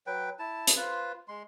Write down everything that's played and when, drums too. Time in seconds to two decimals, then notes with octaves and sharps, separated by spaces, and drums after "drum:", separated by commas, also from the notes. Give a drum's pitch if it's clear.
0.07 F#3 B4 G5
0.39 E4 A5
0.67 drum: hi-hat
0.76 F4 B4 C5
1.28 G#3 C6